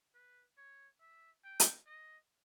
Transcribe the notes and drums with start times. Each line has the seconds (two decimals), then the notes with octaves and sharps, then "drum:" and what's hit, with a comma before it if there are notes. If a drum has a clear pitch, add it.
0.14 B4
0.58 C#5
1.01 E5
1.44 G5
1.60 drum: hi-hat
1.87 D#5